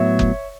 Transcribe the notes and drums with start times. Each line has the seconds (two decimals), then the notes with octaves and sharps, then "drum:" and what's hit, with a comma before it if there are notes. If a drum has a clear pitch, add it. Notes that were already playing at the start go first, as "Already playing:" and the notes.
Already playing: A2 F#3 B3 C#5 E5
0.19 drum: kick F#1